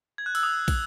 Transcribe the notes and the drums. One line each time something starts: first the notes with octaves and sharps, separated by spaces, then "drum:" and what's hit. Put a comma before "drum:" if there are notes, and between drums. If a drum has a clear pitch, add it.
G#6
F#6
E6, drum: cymbal
D#6
drum: kick, cymbal